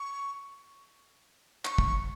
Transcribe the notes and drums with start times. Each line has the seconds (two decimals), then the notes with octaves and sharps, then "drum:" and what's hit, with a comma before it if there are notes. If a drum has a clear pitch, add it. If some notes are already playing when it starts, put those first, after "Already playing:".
Already playing: C#6
1.65 C#6, drum: clap
1.78 drum: kick